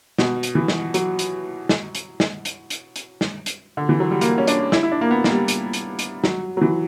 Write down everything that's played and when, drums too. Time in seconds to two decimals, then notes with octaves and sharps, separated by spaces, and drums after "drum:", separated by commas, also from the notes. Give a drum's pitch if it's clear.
0.18 B2, drum: snare
0.43 drum: hi-hat
0.55 E3
0.68 drum: snare
0.94 F#3, drum: hi-hat
1.19 drum: hi-hat
1.69 drum: snare
1.95 drum: hi-hat
2.20 drum: snare
2.45 drum: hi-hat
2.70 drum: hi-hat
2.96 drum: hi-hat
3.21 drum: snare
3.46 drum: hi-hat
3.77 D3
3.89 E3
4.00 F#3
4.11 G3
4.21 A#3, drum: hi-hat
4.38 C#4
4.47 D4, drum: hi-hat
4.72 E4, drum: snare
4.83 E4
4.92 D4
5.01 A#3
5.11 B3
5.24 A#3, drum: snare
5.29 G3
5.48 drum: hi-hat
5.73 drum: hi-hat
5.99 drum: hi-hat
6.24 F#3, drum: snare
6.57 F#3
6.61 E3